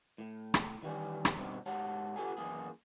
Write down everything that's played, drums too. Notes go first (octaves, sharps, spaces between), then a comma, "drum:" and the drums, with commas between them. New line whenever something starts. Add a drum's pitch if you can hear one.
A2
drum: rim click
D#3 E3 G3 B3 C#4
drum: rim click
G2 B2 C4 D#4
G#2 G4 C#5 F#5 A5
B3 F4 G4 A4 G#5
F#2 E3 A#3 G#4